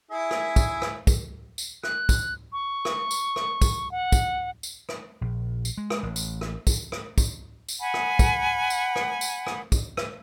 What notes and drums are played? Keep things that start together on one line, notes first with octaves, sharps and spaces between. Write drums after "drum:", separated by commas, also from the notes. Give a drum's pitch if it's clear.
E4 G#4 E5
drum: rim click
drum: kick, tambourine
drum: rim click
drum: kick, tambourine
drum: tambourine
F#6, drum: rim click
drum: kick, tambourine
C#6
drum: rim click
drum: tambourine
drum: rim click
drum: kick, tambourine
F#5
drum: kick, tambourine
drum: tambourine
drum: rim click
A#1
drum: tambourine
G#3
drum: rim click
A1
drum: tambourine
drum: rim click
drum: kick, tambourine
drum: rim click
drum: kick, tambourine
drum: tambourine
F#5 G#5 B5
drum: rim click
drum: kick, tambourine
drum: tambourine
drum: rim click
drum: tambourine
drum: rim click
drum: kick, tambourine
drum: rim click